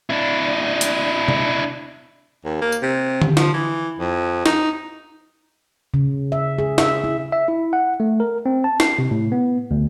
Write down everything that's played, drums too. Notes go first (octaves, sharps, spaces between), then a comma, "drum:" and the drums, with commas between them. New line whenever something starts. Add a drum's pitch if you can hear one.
D4 E4
drum: hi-hat
drum: tom C3
D#2
A#3
drum: tambourine
C3
drum: tom D3
F3, drum: snare
E3
F2
D#4, drum: snare
C#3
E5
G#4
E5, drum: snare
E4
E5
E4
F#5
A3
A#4
C4
A5
C7, drum: snare
C3
A2
B3
D2